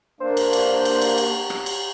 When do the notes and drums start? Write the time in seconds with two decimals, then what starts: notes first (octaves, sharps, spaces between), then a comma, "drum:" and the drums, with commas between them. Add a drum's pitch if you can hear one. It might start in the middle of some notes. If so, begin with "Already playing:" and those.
0.21 A#3 D4 C5
0.37 drum: cymbal
0.53 drum: cymbal
0.85 drum: cymbal
1.02 drum: cymbal
1.18 drum: cymbal
1.50 drum: rim click
1.66 drum: cymbal